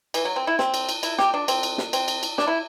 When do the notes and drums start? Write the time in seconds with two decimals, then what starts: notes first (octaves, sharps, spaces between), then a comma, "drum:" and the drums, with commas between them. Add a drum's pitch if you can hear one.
0.14 E3, drum: cymbal
0.25 F#3
0.36 C4
0.47 E4
0.59 C4, drum: snare
0.74 drum: cymbal
0.89 drum: cymbal
1.03 E4, drum: cymbal
1.19 G4, drum: snare
1.34 D4
1.48 C4, drum: cymbal
1.63 drum: cymbal
1.78 drum: snare
1.93 C4, drum: cymbal
2.08 drum: cymbal
2.23 drum: cymbal
2.38 D4, drum: snare
2.47 E4